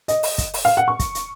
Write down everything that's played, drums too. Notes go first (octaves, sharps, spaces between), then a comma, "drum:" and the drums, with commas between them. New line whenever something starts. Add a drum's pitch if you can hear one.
D#5, drum: hi-hat
drum: open hi-hat
drum: kick, hi-hat
drum: open hi-hat
F5
F#5
C#6
drum: kick, hi-hat
drum: hi-hat